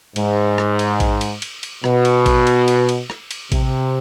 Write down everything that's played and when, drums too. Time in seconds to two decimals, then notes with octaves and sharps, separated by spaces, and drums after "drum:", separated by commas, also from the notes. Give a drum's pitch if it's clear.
0.16 G#2, drum: cymbal
0.58 drum: rim click
0.79 drum: cymbal
1.00 drum: kick A1, cymbal
1.21 drum: cymbal
1.42 drum: cymbal
1.63 drum: cymbal
1.84 B2, drum: rim click
2.05 drum: cymbal
2.26 drum: kick A1, cymbal
2.47 drum: cymbal
2.68 drum: cymbal
2.89 drum: cymbal
3.10 drum: rim click
3.31 drum: cymbal
3.52 C3, drum: kick A1, cymbal